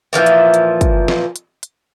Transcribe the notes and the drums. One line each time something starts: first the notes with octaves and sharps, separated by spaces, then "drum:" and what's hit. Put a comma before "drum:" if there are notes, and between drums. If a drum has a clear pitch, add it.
A#2 E3 F3 E4
drum: hi-hat
drum: hi-hat
drum: kick, hi-hat
drum: snare
drum: hi-hat
drum: hi-hat